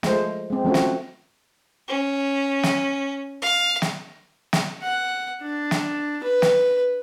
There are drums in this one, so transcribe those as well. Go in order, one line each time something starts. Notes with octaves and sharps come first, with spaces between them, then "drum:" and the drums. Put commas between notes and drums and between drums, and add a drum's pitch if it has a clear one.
F3 G#3 A3 C5, drum: snare
G#3 C4
F3 A3 C4 C#4 F#4
drum: snare
C#4
drum: snare
F5
drum: snare
drum: snare
F#5
D4
drum: snare
B4
drum: snare